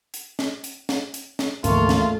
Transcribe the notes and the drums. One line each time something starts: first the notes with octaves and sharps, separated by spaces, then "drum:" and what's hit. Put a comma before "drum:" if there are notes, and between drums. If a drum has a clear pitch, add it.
drum: hi-hat
drum: snare
drum: hi-hat
drum: snare
drum: hi-hat
drum: snare
E1 D2 G#2 F3 A3 A#3 F4 C#6, drum: hi-hat
drum: snare